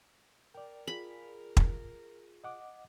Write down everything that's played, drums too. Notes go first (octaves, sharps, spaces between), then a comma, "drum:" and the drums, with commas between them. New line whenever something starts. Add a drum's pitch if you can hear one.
A#4 D5 G5
F4 G#4 B5
drum: kick
D#5 F#5 D6